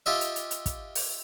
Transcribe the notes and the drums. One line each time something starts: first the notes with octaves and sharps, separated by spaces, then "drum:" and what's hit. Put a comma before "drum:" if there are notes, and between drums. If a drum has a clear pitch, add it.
F4 G4 D#5 E5
drum: hi-hat
drum: hi-hat
drum: hi-hat
drum: kick, hi-hat
drum: open hi-hat